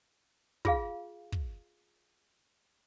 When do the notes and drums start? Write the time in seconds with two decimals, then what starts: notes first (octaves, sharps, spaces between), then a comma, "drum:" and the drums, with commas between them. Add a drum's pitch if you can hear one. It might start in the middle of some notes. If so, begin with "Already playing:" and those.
0.65 F4 G#4 F5, drum: kick
1.32 drum: kick